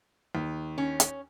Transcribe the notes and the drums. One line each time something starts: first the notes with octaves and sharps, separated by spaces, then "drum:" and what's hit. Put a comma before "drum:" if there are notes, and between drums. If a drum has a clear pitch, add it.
D#2
C#4
drum: hi-hat